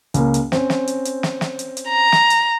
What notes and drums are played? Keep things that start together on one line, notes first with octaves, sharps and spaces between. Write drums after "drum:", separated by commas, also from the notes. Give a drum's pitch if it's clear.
C#2 A#3, drum: hi-hat
drum: hi-hat
C4 C#4, drum: snare
drum: snare
drum: hi-hat
drum: hi-hat
drum: snare
drum: snare
drum: hi-hat
drum: hi-hat
A#5
drum: snare
drum: hi-hat